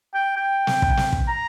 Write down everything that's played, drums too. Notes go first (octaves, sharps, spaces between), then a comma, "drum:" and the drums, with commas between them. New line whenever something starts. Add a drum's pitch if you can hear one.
G5
G5
drum: snare
drum: kick
drum: snare
drum: kick
A#5